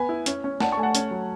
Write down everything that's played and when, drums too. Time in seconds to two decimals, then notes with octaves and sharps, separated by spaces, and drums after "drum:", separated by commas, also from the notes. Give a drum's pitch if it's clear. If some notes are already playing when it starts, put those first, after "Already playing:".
Already playing: B3 G#5 B5
0.09 E4
0.26 C#4, drum: hi-hat
0.44 C#4
0.60 D4 F#5 A5, drum: snare A3
0.72 A5 C#6
0.77 A3 G#5
0.83 F#5 A5
0.95 C#4, drum: hi-hat
1.11 F#3